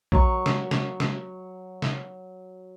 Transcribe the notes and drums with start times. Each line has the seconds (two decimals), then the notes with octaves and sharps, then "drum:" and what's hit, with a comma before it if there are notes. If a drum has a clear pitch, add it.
0.12 F#3 C#6, drum: kick A#1
0.46 drum: snare
0.71 drum: snare
1.00 drum: snare
1.82 drum: snare